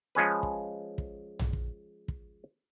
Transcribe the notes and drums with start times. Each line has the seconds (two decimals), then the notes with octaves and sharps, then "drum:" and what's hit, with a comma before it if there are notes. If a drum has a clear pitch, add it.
0.15 F3 G#3 C#4 B4
0.43 drum: kick
0.98 drum: kick
1.39 drum: tom A#1
1.53 drum: kick
2.08 drum: kick